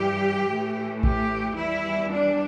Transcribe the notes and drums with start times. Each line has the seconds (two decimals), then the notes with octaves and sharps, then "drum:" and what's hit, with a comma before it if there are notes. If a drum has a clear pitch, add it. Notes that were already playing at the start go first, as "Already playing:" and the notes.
Already playing: G2 E3 G3 G4
0.50 A2 E3 A3
1.03 G4, drum: kick A1
1.56 E2 E3 G3 E4
2.10 D4